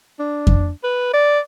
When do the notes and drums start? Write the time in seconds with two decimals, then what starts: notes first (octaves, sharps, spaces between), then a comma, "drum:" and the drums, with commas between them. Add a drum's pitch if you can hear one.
0.20 D4
0.47 drum: kick F2
0.84 B4
1.14 D5